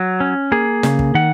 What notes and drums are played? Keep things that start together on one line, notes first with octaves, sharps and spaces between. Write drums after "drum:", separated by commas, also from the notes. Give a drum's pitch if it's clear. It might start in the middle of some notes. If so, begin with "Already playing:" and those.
Already playing: F#3
C#4
A#3 G#4
C#3, drum: snare
drum: kick
D#3 F#5